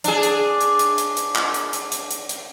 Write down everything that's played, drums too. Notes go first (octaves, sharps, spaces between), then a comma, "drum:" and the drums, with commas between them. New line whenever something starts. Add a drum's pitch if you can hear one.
D4 G#4, drum: hi-hat
drum: hi-hat
drum: hi-hat
drum: hi-hat
drum: hi-hat
drum: hi-hat
drum: clap
drum: hi-hat
drum: hi-hat
drum: hi-hat
drum: hi-hat
drum: hi-hat